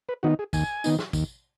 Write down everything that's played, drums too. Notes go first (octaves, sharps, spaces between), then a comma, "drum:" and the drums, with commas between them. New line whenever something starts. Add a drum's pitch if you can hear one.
B4
D#3 B3 D#4 F#4
G#4
D#2 G#5, drum: kick, tambourine
D#3 B3 D#4, drum: tambourine
drum: snare
D#2, drum: kick, tambourine